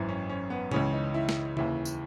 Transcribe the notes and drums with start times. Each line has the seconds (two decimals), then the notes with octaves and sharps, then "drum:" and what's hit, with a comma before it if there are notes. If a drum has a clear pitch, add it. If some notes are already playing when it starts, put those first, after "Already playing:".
Already playing: G#1 F#2 E3 E4
0.09 C#4
0.29 C#4
0.50 B3
0.71 C#2 C#3 E3 C#4, drum: tom A2
0.93 D#4
1.14 E4
1.29 drum: snare
1.57 D#2 C#3 E3 E4, drum: tom C3
1.85 drum: tambourine